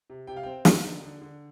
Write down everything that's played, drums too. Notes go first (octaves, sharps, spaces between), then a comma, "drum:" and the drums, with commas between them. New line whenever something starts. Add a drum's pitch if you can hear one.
C3
C3 G5
F5
C4 G5
D#4, drum: snare
D3
D3
D3